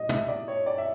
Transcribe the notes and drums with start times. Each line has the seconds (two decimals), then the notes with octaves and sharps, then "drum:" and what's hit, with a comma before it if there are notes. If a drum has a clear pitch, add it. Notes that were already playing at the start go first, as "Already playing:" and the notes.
Already playing: A#2 G3 D#5
0.09 E5, drum: tom
0.28 D5
0.48 C#5
0.66 D5
0.78 E5